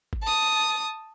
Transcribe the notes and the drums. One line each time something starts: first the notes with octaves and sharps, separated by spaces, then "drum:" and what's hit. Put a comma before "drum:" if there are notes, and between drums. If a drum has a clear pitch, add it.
drum: kick G#1
A5 D#6